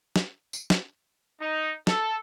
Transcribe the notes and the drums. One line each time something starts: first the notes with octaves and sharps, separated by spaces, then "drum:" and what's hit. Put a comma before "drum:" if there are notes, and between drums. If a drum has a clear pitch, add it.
drum: snare
drum: tambourine
drum: snare
D#4
A4, drum: snare